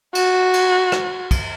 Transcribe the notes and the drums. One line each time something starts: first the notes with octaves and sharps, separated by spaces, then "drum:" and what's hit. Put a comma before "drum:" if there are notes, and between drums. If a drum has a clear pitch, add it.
F#4, drum: cymbal
drum: cymbal
drum: rim click
drum: kick, cymbal